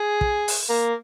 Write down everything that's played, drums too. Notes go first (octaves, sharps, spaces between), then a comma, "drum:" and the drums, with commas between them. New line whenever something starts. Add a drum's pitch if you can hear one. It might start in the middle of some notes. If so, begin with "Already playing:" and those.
Already playing: G#4
drum: kick
drum: open hi-hat
A#3